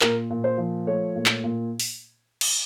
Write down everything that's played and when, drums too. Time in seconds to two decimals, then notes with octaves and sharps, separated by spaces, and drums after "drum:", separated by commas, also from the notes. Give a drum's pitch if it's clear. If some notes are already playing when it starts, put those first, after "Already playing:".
0.01 A#2 A#4, drum: clap
0.30 A#2
0.44 C5
0.58 F3
0.87 A3 C#5
1.16 A#2
1.26 drum: clap
1.44 A#2
1.80 drum: open hi-hat
2.41 drum: cymbal